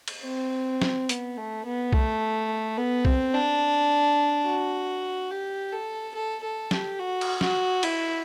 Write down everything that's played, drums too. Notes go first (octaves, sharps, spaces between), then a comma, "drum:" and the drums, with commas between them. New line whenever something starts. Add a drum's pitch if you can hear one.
drum: cymbal
C4
drum: snare
B3, drum: hi-hat
A3
B3
A3, drum: kick
B3
C4, drum: kick
D4
F#4
G4
A4
A4
A4
G4, drum: snare
F#4
drum: cymbal
F#4, drum: snare
E4, drum: cymbal